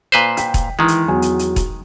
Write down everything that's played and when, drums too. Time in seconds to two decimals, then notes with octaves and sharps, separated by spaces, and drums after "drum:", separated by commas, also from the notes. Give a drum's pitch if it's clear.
0.12 A#2 B4 C5
0.37 G5 B6, drum: hi-hat
0.54 drum: kick E1, hi-hat
0.79 D#3 E3 G#3
0.88 drum: hi-hat
1.08 E2 F#3 G#5
1.22 drum: hi-hat
1.39 drum: hi-hat
1.56 drum: kick E1, hi-hat